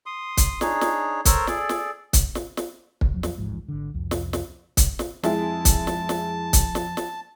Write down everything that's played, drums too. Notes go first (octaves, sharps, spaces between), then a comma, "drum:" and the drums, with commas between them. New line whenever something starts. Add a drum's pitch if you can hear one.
C6 D#6
drum: kick, hi-hat
D4 D#4 G#4 C#5, drum: snare
drum: snare
A4 A#4 C5 C#5, drum: kick, hi-hat
G#4 A4 D5, drum: snare
drum: snare
drum: kick, hi-hat
drum: snare
drum: snare
drum: kick
E2 F3 F#3
drum: snare
D1 A1 G#2 F3
G#1 D3
C2 F2
drum: snare
drum: snare
drum: kick, hi-hat
drum: snare
F2 G#3 E4 G#4 A5, drum: snare
drum: kick, hi-hat
drum: snare
drum: snare
drum: kick, hi-hat
drum: snare
drum: snare